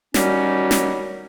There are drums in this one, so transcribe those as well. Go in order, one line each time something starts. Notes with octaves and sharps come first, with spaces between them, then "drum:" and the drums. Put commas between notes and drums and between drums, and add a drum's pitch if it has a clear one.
D#3 F#3 G3 C#4 F#4 G4, drum: snare
drum: snare